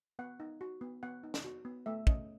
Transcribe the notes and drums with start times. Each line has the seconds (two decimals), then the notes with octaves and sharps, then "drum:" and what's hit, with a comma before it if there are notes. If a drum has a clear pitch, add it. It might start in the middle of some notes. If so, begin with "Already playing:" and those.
0.19 B3 F#5
0.40 D#4
0.61 F#4
0.81 B3
1.03 B3 F#5
1.23 D#4
1.34 drum: snare
1.44 F#4
1.65 B3
1.86 A3 E5
2.07 C#4 D#5, drum: kick